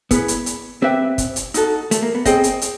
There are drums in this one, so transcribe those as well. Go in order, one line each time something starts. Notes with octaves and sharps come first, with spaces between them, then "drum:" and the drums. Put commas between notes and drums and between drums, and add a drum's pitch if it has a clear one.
B3 E4 G#4 B4, drum: kick, hi-hat
drum: hi-hat
drum: hi-hat
C4 G4 B4 E5 G5
drum: kick, hi-hat
drum: hi-hat
D#4 F#4 A4, drum: hi-hat
A3, drum: hi-hat
A#3
B3
C4 G#4 C5 D#5 G5, drum: kick, hi-hat
drum: hi-hat
drum: hi-hat